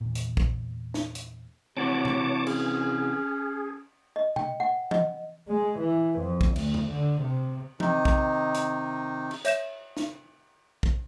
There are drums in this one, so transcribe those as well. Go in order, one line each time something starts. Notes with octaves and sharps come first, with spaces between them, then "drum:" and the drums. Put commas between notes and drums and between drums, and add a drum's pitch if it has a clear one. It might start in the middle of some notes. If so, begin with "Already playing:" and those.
E2 A#2
drum: hi-hat
drum: kick
drum: snare
drum: hi-hat
C3 E3 F#4 G4 C#5 A5 D6
drum: tom B2
C#4 G#4, drum: cymbal
D#5
G5, drum: tom B2
F#5
D#5, drum: tom E3
G#3
E3
F2
drum: kick
D2, drum: cymbal
drum: tom F2
D3
C3
C3 D#3 D#4, drum: tom E3
drum: kick
drum: hi-hat
drum: cymbal
C#5 E5 G6 E7, drum: hi-hat
drum: snare
drum: kick